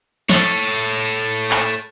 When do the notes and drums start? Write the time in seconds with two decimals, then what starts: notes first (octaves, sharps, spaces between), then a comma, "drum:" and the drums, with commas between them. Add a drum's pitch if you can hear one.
0.29 A4 C#5, drum: snare
1.51 drum: clap